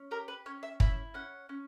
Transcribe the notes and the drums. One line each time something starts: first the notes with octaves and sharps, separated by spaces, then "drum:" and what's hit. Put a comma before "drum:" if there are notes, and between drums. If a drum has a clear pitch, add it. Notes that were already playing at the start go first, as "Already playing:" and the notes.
Already playing: C#4
G4 A#4
B4
C#4 C#5
E5
E4 E5, drum: kick
C#4 F#5
C#4